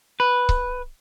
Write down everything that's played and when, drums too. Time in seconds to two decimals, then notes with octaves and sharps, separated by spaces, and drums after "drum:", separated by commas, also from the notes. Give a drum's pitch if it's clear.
0.20 B4
0.49 drum: kick C#1